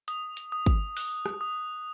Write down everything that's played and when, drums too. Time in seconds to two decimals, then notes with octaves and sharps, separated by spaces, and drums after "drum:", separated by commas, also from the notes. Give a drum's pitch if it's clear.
0.08 D#6, drum: hi-hat
0.37 drum: hi-hat
0.52 D#6
0.66 drum: kick
0.97 F#6, drum: open hi-hat
1.26 drum: rim click
1.41 D#6